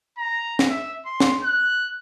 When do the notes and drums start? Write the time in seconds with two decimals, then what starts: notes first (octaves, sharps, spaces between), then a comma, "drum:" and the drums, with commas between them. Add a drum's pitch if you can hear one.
0.18 A#5
0.59 drum: snare
0.70 E5
1.06 C6
1.20 drum: snare
1.44 F#6